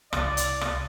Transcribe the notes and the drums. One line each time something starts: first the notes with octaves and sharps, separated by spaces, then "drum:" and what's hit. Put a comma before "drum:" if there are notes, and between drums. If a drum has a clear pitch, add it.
C2 D5, drum: rim click
drum: hi-hat
drum: rim click